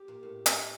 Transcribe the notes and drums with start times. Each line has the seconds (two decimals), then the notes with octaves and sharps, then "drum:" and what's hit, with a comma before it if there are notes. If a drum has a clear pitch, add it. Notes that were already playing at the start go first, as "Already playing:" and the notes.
Already playing: G4
0.08 A#2
0.23 A2
0.46 drum: hi-hat